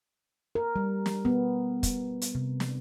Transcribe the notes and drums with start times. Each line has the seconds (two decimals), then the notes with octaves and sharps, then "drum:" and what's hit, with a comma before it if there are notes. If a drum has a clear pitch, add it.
0.55 A#4
0.76 G3
1.06 drum: snare
1.25 B3
1.83 drum: kick, hi-hat
2.21 drum: hi-hat
2.35 C3
2.60 drum: snare